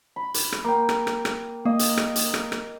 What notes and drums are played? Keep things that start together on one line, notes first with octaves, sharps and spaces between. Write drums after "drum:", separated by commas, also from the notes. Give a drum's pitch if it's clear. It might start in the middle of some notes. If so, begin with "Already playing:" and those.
B5
drum: hi-hat
drum: rim click
A#3 G5
drum: rim click
drum: rim click
drum: rim click
A#3 D#5
drum: hi-hat
drum: rim click
drum: hi-hat
drum: rim click
drum: rim click